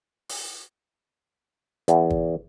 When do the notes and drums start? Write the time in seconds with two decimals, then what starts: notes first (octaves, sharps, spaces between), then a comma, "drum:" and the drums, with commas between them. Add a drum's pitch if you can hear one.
0.29 drum: open hi-hat
1.88 E2, drum: hi-hat
2.10 drum: kick